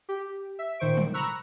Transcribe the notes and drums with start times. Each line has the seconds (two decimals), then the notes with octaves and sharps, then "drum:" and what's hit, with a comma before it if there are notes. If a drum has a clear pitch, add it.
0.09 G4
0.59 E5
0.79 A#2 D#3 C5 C#6 D7
0.97 drum: tom
1.14 A#5 B5 C#6 E6 F#6